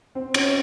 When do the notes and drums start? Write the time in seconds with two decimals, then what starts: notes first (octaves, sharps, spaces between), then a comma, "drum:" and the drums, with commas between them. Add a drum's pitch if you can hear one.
0.15 C4
0.34 C#4, drum: cymbal